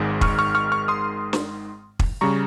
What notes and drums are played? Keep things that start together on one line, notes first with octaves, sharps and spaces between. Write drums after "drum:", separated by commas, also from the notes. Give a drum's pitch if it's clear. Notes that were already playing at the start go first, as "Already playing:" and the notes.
Already playing: G#1 G#2 D#3 G#3
C#6 F6, drum: kick
C#6 F6
C#6 F6
C#6 F6
C6 D#6
drum: snare
drum: kick
C#3 G3 A#5 C#6